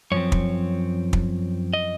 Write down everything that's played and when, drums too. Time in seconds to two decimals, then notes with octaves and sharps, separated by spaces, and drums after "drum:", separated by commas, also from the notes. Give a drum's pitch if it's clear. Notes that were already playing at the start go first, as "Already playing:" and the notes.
0.12 F#2 F3 C4 C#5
0.32 drum: kick
1.13 drum: kick
1.73 D#5